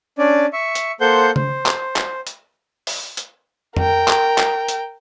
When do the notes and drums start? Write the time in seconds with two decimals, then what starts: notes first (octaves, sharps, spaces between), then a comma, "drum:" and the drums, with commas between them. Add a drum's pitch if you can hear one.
0.18 C#4 D4 D5
0.53 E5 C#6
0.75 drum: hi-hat
1.01 A#3 A4 C5 F#5 C6 G6
1.36 C5, drum: tom C#3
1.66 drum: clap
1.96 drum: clap
2.27 drum: hi-hat
2.87 drum: open hi-hat
3.17 drum: hi-hat
3.76 A#4 G5, drum: tom F2
4.08 drum: clap
4.38 drum: clap
4.68 drum: hi-hat